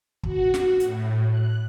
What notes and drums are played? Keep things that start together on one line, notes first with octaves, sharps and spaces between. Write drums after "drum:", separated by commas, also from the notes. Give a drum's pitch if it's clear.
F#4, drum: kick
drum: snare
A2, drum: hi-hat
F#6